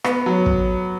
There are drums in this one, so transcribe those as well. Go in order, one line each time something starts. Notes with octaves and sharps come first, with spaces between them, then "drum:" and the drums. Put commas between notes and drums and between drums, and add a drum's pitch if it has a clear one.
B3, drum: rim click
F#3
drum: kick